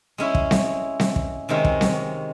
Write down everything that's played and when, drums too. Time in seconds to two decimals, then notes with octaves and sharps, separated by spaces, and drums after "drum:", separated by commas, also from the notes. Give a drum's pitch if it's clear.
0.18 G#3 C#4 E4
0.35 drum: kick
0.51 drum: snare C4
1.00 drum: snare C4
1.16 drum: kick
1.49 C3 D#3 G#3 C#4
1.65 drum: kick
1.81 drum: snare C4